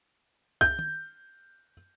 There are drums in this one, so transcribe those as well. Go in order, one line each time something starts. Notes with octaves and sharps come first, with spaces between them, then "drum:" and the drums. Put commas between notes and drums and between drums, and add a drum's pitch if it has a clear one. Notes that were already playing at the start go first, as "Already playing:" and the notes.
G6, drum: kick C2
drum: tom D#3